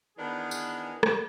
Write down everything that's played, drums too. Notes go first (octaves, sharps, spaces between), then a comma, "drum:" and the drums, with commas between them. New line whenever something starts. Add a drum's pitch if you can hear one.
D#3 E3 B3 D4 G#4
drum: tambourine
drum: rim click